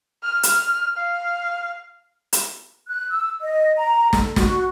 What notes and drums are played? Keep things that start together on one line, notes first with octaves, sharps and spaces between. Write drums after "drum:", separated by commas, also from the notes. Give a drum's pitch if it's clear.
F6
drum: hi-hat
F5
drum: hi-hat
F#6
E6
D#5
A#5
A4, drum: snare
F#4, drum: snare